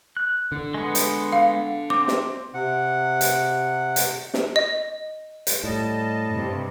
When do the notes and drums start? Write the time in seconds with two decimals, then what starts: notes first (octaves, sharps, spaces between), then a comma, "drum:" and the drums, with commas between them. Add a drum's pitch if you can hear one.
0.17 F#6
0.52 D3
0.74 G#3 B3
0.95 drum: hi-hat
1.32 F5
1.90 C4 D6
2.08 drum: snare
2.54 C3 F#5
3.21 drum: hi-hat
3.96 drum: hi-hat
4.34 drum: snare
4.56 D#5
5.47 drum: hi-hat
5.64 A2 G3 D#5 A5
6.29 G2 C3